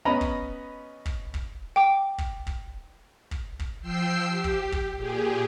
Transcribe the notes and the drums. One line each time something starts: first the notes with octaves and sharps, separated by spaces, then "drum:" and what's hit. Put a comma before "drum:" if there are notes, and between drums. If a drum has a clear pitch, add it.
B3 C#4 D#5 A#5 B5
drum: kick
drum: kick
drum: kick
G5 D6
drum: kick
drum: kick
drum: kick
drum: kick
F3 G5 E6 C7
G4
drum: kick
drum: kick
A#2 G4 G#4